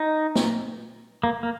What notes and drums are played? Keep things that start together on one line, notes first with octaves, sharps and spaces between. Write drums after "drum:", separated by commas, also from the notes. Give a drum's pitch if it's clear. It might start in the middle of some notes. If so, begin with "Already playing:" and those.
Already playing: D#4
drum: snare
A#3
A#3